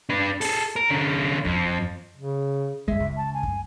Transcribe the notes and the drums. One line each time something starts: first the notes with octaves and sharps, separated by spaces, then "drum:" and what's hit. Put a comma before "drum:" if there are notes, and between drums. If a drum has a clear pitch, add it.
D4 B4
G#4 A4, drum: open hi-hat
A#4
D3 C#4
F2, drum: kick F#2
C#3
G1 G#3 E5, drum: kick F#2
C#2
A5
G#5
drum: kick F#2